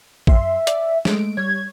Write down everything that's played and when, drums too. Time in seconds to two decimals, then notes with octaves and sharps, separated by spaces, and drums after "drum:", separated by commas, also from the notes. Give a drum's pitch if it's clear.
0.27 F#2 E5 C6, drum: kick A1
0.67 D5, drum: hi-hat
1.05 G#3 A3 D7, drum: snare
1.37 G3 C#5 G#6